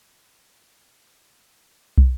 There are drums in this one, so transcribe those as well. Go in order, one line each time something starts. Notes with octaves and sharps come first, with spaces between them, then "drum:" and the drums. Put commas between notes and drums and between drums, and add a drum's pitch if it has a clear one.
F4
drum: kick